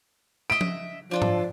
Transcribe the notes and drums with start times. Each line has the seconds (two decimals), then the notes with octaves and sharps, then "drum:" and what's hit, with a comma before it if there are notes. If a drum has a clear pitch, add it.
0.50 D#5 E5 D7
0.61 drum: tom F3
1.11 F3 D4 F4 A4 D5
1.22 drum: tom G#2